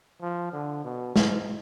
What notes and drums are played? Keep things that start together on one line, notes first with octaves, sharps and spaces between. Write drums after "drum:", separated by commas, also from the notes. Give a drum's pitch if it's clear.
F3
D3
B2
G#2, drum: snare